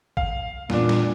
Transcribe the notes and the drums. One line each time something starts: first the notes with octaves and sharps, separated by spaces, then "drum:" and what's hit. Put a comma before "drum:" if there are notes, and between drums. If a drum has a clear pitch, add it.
F5, drum: kick
E2 A#2 D4, drum: snare
drum: snare